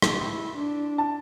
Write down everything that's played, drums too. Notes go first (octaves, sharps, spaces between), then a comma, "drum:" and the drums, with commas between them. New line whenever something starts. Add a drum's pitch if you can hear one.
drum: rim click
E4
D4
A5